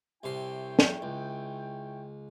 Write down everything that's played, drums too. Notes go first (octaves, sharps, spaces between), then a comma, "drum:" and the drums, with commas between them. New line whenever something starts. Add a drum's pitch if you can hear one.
C2 C3 E4 C#5 G5 C6
drum: snare
C#2